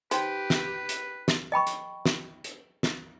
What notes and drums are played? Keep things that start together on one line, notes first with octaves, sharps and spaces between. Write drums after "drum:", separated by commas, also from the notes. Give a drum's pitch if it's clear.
D#4 G4 B4 C5 G5 B5, drum: hi-hat
drum: snare
drum: hi-hat
drum: snare
D#5 G5 B5 C#6
drum: hi-hat
drum: snare
drum: hi-hat
drum: snare